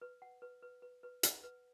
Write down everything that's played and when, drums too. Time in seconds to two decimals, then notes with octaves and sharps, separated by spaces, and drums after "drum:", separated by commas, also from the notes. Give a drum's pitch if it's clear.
0.01 B4
0.22 F#5
0.42 B4
0.62 B4
0.82 B4
1.03 B4
1.23 F#5, drum: hi-hat
1.43 B4